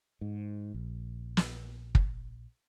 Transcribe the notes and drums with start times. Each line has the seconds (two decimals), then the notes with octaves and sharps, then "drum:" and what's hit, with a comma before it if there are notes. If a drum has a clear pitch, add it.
0.21 G#2
0.74 A#1
1.37 drum: snare
1.95 drum: kick